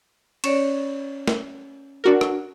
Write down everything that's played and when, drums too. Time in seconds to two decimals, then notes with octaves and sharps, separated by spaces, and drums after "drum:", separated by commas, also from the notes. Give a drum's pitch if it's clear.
0.44 C#4 C#5 D5, drum: cymbal
1.28 drum: snare
2.04 D4 F#4 A#4
2.21 drum: rim click